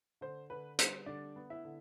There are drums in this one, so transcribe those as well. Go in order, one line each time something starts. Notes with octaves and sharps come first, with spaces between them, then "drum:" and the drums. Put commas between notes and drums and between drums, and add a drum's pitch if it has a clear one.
D3 C5
D3 B4
G3 C5, drum: hi-hat
D3 D4 D5
B3
E4 E5
D3